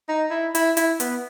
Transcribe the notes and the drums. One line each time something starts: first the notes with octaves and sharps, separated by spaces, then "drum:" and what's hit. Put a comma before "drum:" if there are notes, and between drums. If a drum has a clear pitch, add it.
D#4
E4
E4, drum: hi-hat
E4, drum: hi-hat
B3, drum: hi-hat